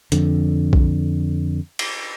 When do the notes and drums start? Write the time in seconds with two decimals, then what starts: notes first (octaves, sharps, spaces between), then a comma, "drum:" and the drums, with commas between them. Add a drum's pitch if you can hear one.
0.12 F2 D3, drum: hi-hat
0.73 drum: kick B1
1.79 drum: cymbal